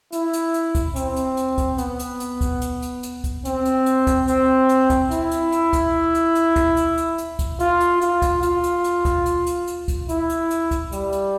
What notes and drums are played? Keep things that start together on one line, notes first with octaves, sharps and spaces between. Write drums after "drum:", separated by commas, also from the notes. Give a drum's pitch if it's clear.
E4, drum: hi-hat
drum: hi-hat
drum: hi-hat
drum: kick, hi-hat
C4, drum: hi-hat
drum: hi-hat
drum: hi-hat
drum: kick, hi-hat
B3, drum: hi-hat
drum: hi-hat
drum: hi-hat
drum: kick, hi-hat
drum: hi-hat
drum: hi-hat
drum: hi-hat
drum: kick, hi-hat
C4, drum: hi-hat
drum: hi-hat
drum: hi-hat
drum: kick, hi-hat
C4, drum: hi-hat
drum: hi-hat
drum: kick, hi-hat
E4, drum: hi-hat
drum: hi-hat
drum: hi-hat
drum: kick, hi-hat
drum: hi-hat
drum: hi-hat
drum: kick, hi-hat
drum: hi-hat
drum: hi-hat
drum: hi-hat
drum: kick, hi-hat
F4, drum: hi-hat
drum: hi-hat
F4, drum: hi-hat
drum: kick, hi-hat
F4, drum: hi-hat
drum: hi-hat
drum: hi-hat
drum: kick, hi-hat
drum: hi-hat
drum: hi-hat
drum: hi-hat
drum: kick, hi-hat
E4, drum: hi-hat
drum: hi-hat
drum: hi-hat
drum: kick, hi-hat
G3, drum: hi-hat
drum: hi-hat